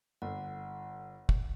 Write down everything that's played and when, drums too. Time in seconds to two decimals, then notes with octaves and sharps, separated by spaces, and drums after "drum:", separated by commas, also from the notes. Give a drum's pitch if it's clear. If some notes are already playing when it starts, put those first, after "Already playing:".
0.22 G1 F#5
1.29 drum: kick